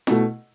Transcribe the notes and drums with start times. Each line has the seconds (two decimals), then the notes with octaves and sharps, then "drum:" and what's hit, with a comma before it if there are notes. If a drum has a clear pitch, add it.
0.07 B2 A3 E4, drum: snare